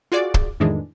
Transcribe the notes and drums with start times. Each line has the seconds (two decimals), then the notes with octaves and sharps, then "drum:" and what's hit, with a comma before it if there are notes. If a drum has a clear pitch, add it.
0.12 F4 F#4 G#4 D5
0.34 drum: kick
0.60 F2 A2 D#3 E3 G#3 D4